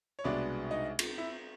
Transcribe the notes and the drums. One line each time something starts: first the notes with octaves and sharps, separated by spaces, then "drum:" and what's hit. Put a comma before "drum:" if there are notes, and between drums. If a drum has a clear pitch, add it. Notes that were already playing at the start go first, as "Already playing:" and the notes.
C#5
C2 B2 G#3 B3 D4 D5
D#4 D#5
drum: cymbal
E4 E5